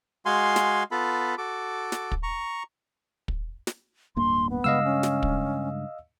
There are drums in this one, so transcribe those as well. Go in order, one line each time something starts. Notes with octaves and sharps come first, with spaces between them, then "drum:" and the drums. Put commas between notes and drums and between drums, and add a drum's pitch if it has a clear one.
G#3 F#4 F5 G#5 C6
drum: snare
B3 F4 A4 B5
F#4 A4 D6
drum: snare
drum: kick
A#5 C#6
drum: kick
drum: snare
D1 G2 A#3 C6
B3
G2 C#3 G#3 D#5 F5 E6
C#4
drum: snare
drum: kick